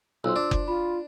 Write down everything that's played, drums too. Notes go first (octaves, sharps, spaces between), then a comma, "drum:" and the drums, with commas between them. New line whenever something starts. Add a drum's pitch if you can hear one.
B1 F4 C5 C6 E6
D4
drum: kick F#1
F4 B5